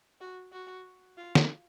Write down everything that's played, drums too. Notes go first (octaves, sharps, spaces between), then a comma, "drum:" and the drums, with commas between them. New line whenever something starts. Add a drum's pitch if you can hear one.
F#4
F#4
F4
drum: snare